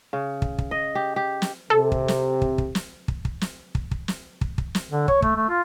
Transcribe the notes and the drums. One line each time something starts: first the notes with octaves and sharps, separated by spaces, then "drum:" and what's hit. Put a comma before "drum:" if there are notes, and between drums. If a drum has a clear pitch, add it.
C#3
drum: kick
drum: kick
D#5
G4
G4
drum: snare
C3 A4
drum: kick
drum: snare
drum: kick
drum: kick
drum: snare
drum: kick
drum: kick
drum: snare
drum: kick
drum: kick
drum: snare
drum: kick
drum: kick
drum: snare
D3
C#5, drum: kick
A3, drum: kick
A3
F4